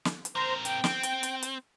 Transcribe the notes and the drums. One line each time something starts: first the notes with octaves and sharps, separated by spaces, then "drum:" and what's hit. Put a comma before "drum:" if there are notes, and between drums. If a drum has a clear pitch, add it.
drum: snare
drum: hi-hat
C4 A#4 C5 A#5
G5, drum: hi-hat
C4, drum: snare
drum: hi-hat
drum: hi-hat
drum: hi-hat